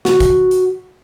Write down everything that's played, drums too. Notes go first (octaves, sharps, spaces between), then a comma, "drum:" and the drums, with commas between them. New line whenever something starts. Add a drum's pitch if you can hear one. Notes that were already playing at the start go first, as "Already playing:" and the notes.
F#4, drum: snare
drum: kick, hi-hat
drum: hi-hat